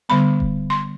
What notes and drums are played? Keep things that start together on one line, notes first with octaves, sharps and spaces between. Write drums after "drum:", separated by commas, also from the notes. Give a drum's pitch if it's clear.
D3 G3 B3 B5
drum: kick D#1
C6